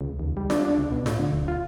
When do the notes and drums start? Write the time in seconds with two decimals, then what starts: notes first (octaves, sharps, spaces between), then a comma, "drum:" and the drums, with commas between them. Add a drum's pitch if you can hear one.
0.01 C#2
0.19 D#2
0.37 G3
0.50 D4, drum: snare F4
0.65 D4
0.78 C#2
0.92 B2
1.06 A2, drum: snare F4
1.19 D3
1.32 D1
1.48 F4